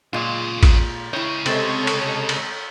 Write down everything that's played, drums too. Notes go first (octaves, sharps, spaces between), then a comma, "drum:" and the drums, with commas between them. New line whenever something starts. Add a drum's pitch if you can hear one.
B1 A#2 C#3 G#3 F4
drum: kick A1, cymbal
C#2 C#3 E4 C#5 G5 A#6
C3 G#3 A3 C4 A4 C#5 D#5 A5, drum: cymbal
drum: cymbal
drum: cymbal